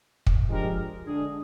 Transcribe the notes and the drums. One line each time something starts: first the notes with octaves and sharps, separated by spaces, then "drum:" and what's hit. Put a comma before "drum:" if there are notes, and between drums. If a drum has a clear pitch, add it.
drum: kick
F3 G#3 D4 G4 A#4
D3 G#3 D4 G#4